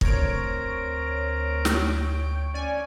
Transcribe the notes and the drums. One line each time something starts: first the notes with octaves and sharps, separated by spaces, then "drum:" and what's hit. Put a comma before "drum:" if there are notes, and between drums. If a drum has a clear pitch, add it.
D2 C4 A#4 C#5 A#5 D7, drum: kick
drum: snare
G5
C#4 D5 G#5